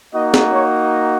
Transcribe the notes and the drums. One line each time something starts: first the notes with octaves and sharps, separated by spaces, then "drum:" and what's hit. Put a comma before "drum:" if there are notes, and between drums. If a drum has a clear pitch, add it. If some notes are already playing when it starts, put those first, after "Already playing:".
A#3 D#4 F#4 D#5
drum: snare
C#5